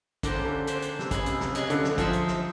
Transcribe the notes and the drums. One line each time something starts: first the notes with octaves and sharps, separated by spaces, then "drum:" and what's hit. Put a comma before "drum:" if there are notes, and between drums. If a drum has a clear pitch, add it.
D3 A#3 D4 G4 C5, drum: kick, hi-hat
C#3
D3
A#3 D4 G4 C5, drum: hi-hat
drum: hi-hat
C3, drum: snare
C#3 G#4 B4 D#5 G#5, drum: kick, hi-hat
C3, drum: hi-hat
C3, drum: snare
C#3 G#4 B4 D#5 G#5, drum: hi-hat
D3, drum: hi-hat
drum: snare
F3 D#4 G#4 C5 E5, drum: kick, hi-hat
drum: hi-hat
drum: snare